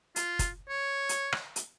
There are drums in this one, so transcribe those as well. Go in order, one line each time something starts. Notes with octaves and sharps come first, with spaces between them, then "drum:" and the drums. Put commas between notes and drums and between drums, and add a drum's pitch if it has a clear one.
F4, drum: hi-hat
drum: kick, hi-hat
C#5
drum: hi-hat
drum: rim click
drum: hi-hat